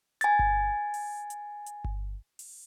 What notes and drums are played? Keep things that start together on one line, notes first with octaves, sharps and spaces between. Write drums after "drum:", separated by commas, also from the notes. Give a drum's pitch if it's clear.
G#5 A6, drum: hi-hat
drum: kick G1
drum: open hi-hat
drum: hi-hat
drum: hi-hat
drum: kick G1
drum: open hi-hat